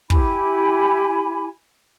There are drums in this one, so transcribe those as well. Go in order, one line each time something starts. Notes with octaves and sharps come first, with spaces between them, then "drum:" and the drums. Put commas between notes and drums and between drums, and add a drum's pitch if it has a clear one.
E4 G4 G#5 B5, drum: kick